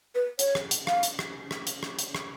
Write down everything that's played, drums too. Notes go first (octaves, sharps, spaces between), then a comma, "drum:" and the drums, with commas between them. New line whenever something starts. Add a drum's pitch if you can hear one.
B4
C#5, drum: hi-hat
drum: rim click
drum: hi-hat
F5, drum: rim click
drum: hi-hat
drum: rim click
drum: rim click
drum: hi-hat
drum: rim click
drum: hi-hat
drum: rim click